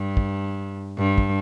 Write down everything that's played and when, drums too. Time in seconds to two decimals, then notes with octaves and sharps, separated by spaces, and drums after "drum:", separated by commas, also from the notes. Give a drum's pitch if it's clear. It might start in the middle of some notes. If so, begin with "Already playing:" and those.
Already playing: G2
0.17 drum: kick
0.99 G2
1.18 drum: kick